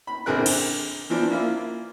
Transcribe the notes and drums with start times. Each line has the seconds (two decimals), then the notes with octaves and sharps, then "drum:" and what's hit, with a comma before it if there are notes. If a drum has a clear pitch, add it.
0.07 B5
0.26 A#1 D3 C4 G#4 A#4 F#6
0.46 drum: cymbal
1.10 E3 F3 D4
1.30 A#3 E4 F4